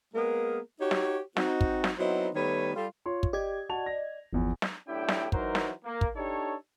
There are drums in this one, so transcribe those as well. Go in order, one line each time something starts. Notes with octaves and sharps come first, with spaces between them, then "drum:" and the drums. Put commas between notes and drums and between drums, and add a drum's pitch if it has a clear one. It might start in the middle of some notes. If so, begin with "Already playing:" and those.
G#3 A#3 B3 G#4 A#4
D#4 F#4 G4 C#5
drum: snare
C4 D#4 F#4, drum: snare
drum: kick
drum: snare
F#3 B3 C4 D#4 E4 C5
D#3 G3 A3 B3 B4 C#5
G3 F4 A4
F4 C#5 C6
drum: kick
G4 D5 D#5 G#6
F#4 A5 F7
A#6
G1 E2 F3
drum: snare
B1 A2 D4 E4 G4 G5
drum: snare
E3 F#3 D#4 A#4 C5, drum: kick
drum: snare
A#3
drum: kick
D4 D#4 G4 A4 C#5